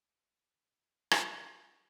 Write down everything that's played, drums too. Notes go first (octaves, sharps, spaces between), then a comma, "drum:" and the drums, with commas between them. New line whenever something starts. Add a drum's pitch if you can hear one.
G5
G#4 F5
D4
G#4
drum: rim click